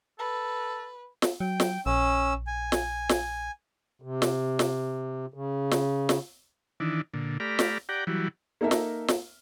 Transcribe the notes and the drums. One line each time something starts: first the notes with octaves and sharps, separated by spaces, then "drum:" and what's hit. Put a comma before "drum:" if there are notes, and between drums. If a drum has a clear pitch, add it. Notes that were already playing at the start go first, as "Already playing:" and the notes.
A4 B4
drum: snare
F#3 G5
drum: snare
A#1 C#4 E6
G#5
drum: snare
drum: snare
C3
drum: snare
drum: snare
C#3
drum: snare
drum: snare
D#3 E3 D4
A#2 D3
A3 G4 D5 A#5 B5 F6
drum: snare
G4 D5 F#5 G5 A#5
E3 F#3 G3
A#3 D#4 A4 A#4 E5
drum: snare
drum: snare